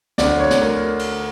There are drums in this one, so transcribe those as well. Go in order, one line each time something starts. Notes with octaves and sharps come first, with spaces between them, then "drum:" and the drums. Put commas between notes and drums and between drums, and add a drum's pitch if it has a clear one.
D2 D3 D5, drum: snare
C#5
drum: snare
A#4
drum: cymbal